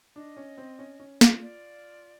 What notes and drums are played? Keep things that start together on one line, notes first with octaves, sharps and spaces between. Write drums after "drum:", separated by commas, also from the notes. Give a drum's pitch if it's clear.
D4 D#5
C#4
C4
C#4
C#4
F4, drum: snare
D5